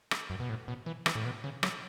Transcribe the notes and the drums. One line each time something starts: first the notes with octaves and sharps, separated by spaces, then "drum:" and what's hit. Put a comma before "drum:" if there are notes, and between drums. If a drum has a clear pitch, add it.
drum: rim click
F#2
B2
A2
B2
E3
E3, drum: rim click
A2
B2
C#3
F#3, drum: rim click